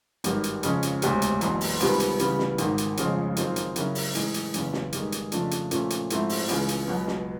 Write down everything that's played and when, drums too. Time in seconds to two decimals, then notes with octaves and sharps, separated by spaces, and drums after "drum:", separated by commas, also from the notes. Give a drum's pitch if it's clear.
0.24 G#1 G2 D#3, drum: hi-hat
0.44 drum: hi-hat
0.63 F2 C#3 F3 G#3 C#4, drum: hi-hat
0.83 drum: hi-hat
1.02 E1 D2 C3, drum: hi-hat
1.22 drum: hi-hat
1.41 F#1 E2 B2, drum: hi-hat
1.61 drum: open hi-hat
1.80 C#2 C3 D#3 G3 B3, drum: hi-hat
2.00 drum: hi-hat
2.19 C#3 E3 G3 B3, drum: hi-hat
2.39 drum: snare
2.58 G#1 G#2 D#3, drum: hi-hat
2.78 drum: hi-hat
2.97 G1 F2 C#3 F3 G#3, drum: hi-hat
3.36 F#2 D#3 G#3 C4 F4, drum: hi-hat
3.56 drum: hi-hat
3.76 C#3 F#3 A#3 C#4 E4, drum: hi-hat
3.95 drum: open hi-hat
4.15 A2 E3 G#3, drum: hi-hat
4.34 drum: hi-hat
4.54 F#1 E2 C#3 E3, drum: hi-hat
4.73 drum: snare
4.92 G2 D#3 G#3, drum: hi-hat
5.12 drum: hi-hat
5.32 F2 C#3 F3 A3 D4, drum: hi-hat
5.51 drum: hi-hat
5.71 A#2 F3 A3 C#4, drum: hi-hat
5.90 drum: hi-hat
6.10 G#2 F3 A3 C4 E4, drum: hi-hat
6.29 drum: open hi-hat
6.49 C#2 C#3 E3 G#3, drum: hi-hat
6.68 drum: hi-hat
6.88 C#2 B2 F#3
7.08 drum: snare